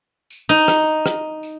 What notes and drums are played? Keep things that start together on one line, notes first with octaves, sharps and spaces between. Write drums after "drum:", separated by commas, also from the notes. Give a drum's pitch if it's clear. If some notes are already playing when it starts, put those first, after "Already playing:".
drum: tambourine
D#4
drum: rim click
drum: rim click
drum: tambourine